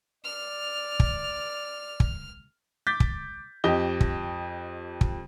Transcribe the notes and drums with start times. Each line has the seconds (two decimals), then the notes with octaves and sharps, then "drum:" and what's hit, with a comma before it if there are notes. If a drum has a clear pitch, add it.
0.24 D5 F6
1.00 drum: kick
2.00 drum: kick
2.87 D6 G6 A6 B6
3.00 drum: kick
3.64 F2 G4 D#5 G7
4.01 drum: kick
5.01 drum: kick